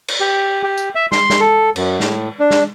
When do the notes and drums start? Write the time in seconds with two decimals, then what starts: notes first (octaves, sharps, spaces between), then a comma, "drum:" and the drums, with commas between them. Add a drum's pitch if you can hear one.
0.08 drum: cymbal
0.21 G4
0.63 G4
0.78 drum: tambourine
0.95 E5
1.12 C6, drum: snare
1.30 drum: snare
1.40 A4
1.76 F#2, drum: cymbal
2.00 A2, drum: snare
2.40 D4
2.51 drum: snare